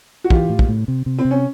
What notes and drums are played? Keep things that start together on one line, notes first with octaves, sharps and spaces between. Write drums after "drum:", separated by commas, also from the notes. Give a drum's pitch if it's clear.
F#4
E3 F4 G4, drum: kick
A2
drum: kick
A2
C3
C3
C4
C3
C#4